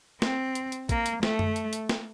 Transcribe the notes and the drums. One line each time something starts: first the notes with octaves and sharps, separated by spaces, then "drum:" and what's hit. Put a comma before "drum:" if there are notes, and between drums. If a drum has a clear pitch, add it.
C4, drum: snare
drum: hi-hat
drum: hi-hat
A#3, drum: kick, hi-hat
drum: hi-hat
A3, drum: snare
drum: tom F#2
drum: hi-hat
drum: hi-hat
drum: snare